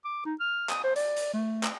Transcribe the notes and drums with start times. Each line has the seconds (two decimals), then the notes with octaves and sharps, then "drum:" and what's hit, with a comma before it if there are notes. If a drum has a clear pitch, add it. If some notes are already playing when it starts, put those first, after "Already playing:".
0.05 D6
0.25 D#4
0.40 F6
0.70 D#6, drum: clap
0.84 C5
0.96 D5, drum: hi-hat
1.16 drum: hi-hat
1.34 A3
1.63 drum: clap